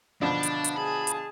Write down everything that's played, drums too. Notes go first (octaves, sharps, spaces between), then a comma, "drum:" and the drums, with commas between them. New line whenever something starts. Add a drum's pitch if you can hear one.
B2 D3 F3 D4
drum: hi-hat
drum: hi-hat
G#4 A5 B5
drum: hi-hat